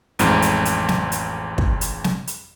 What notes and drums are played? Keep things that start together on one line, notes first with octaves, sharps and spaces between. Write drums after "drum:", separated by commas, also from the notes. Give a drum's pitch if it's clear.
A1 F2 G#2, drum: hi-hat
drum: hi-hat
drum: hi-hat
drum: snare
drum: hi-hat
drum: kick
drum: hi-hat
drum: snare
drum: hi-hat